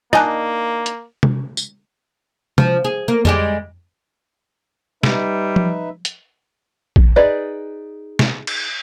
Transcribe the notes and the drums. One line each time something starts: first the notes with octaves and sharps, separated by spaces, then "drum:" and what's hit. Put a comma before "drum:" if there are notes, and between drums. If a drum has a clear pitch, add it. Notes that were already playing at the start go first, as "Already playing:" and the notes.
A#3 D4 D#4 D#5 G#5 F#6, drum: rim click
drum: hi-hat
drum: tom C3
drum: tambourine
F3, drum: tom C3
G#4
A#3
G3 G#3 G4, drum: tom F2
G3 D#4 B4 E5, drum: snare
drum: tom F3
drum: hi-hat
drum: kick A#1
D#4 G#4 B4 D5 D#5
drum: snare
drum: cymbal